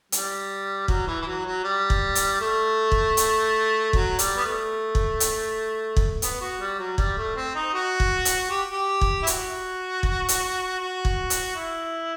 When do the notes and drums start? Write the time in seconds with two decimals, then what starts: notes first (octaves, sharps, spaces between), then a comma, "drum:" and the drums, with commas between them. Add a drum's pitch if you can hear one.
0.12 G3, drum: hi-hat
0.88 F#3, drum: kick
1.07 E3
1.21 E3
1.26 F#3
1.46 F#3
1.64 G3
1.90 drum: kick
2.15 drum: hi-hat
2.41 A3
2.92 drum: kick
3.17 drum: hi-hat
3.93 F#3, drum: kick
4.19 G3, drum: hi-hat
4.37 B3
4.44 A3
4.95 drum: kick
5.20 drum: hi-hat
5.97 drum: kick
6.22 B3, drum: hi-hat
6.41 F#4
6.60 G3
6.79 F#3
6.98 G3, drum: kick
7.17 A3
7.36 C4
7.55 D#4
7.74 F#4
8.00 drum: kick
8.25 drum: hi-hat
8.50 G4
8.71 G4
9.01 drum: kick
9.22 E4
9.27 F#4, drum: hi-hat
10.03 drum: kick
10.28 drum: hi-hat
10.80 F#4
11.05 drum: kick
11.30 drum: hi-hat
11.56 E4